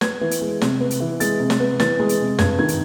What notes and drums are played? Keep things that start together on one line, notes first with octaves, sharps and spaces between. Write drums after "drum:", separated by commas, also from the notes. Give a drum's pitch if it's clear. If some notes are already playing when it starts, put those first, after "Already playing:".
B3 G#6, drum: snare
E3
drum: hi-hat
G#3
C3, drum: snare
B3
drum: hi-hat
E3
G#3 A6, drum: hi-hat
C3
drum: snare
B3
E3 A6, drum: snare
G#3
drum: hi-hat
C3
G2 G#6, drum: snare
D#3 G#6
drum: hi-hat